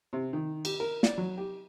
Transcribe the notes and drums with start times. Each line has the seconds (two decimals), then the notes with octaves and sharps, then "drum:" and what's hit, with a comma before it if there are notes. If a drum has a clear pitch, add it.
0.13 C3
0.33 D#3
0.65 G4, drum: cymbal
0.80 A#4
1.03 D5, drum: snare
1.18 F#3
1.38 G4